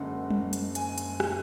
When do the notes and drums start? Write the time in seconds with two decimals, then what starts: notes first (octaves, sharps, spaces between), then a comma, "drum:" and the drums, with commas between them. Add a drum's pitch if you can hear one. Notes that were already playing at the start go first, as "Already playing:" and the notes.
Already playing: F#1 F#2 D3 G#3 F#5
0.30 drum: tom G3
0.53 drum: hi-hat
0.75 G#5, drum: hi-hat
0.98 drum: hi-hat
1.20 drum: rim click